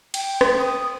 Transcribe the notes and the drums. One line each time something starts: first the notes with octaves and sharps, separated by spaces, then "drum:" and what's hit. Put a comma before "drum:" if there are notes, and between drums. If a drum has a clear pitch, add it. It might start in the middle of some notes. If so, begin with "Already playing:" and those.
G5, drum: cymbal
drum: rim click
D#6